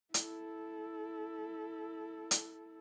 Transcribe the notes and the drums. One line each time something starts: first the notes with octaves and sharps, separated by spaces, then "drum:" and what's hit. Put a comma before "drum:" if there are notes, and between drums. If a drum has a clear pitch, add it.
E4 A4, drum: hi-hat
drum: hi-hat